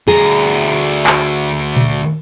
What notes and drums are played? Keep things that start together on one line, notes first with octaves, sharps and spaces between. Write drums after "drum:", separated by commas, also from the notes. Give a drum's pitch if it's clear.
D2 G#4 A#5, drum: cymbal
drum: cymbal
drum: clap
drum: tom A#2